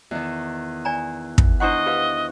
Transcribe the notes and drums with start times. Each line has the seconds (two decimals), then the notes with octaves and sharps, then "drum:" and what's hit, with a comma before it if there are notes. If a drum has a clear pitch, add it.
0.11 E2 D#3
0.85 D5 G#5 A#5
1.38 drum: kick
1.60 D4 E4 C5 D#5 F#5 C#6 F#6
1.86 G4 B4 F5